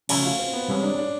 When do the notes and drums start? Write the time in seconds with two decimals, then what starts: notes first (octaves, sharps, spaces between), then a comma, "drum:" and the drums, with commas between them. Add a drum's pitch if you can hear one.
0.09 C#3 F3 A3 C#4 F#4, drum: cymbal
0.25 F4
0.39 C4
0.53 B3
0.68 C2 C3 E3 G#3 C#4
0.83 D4
0.99 D4